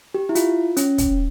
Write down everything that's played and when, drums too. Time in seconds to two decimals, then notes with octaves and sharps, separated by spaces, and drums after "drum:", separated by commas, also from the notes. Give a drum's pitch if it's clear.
0.14 G4
0.29 E4
0.35 F4, drum: hi-hat
0.77 C#4, drum: hi-hat
0.98 drum: kick, hi-hat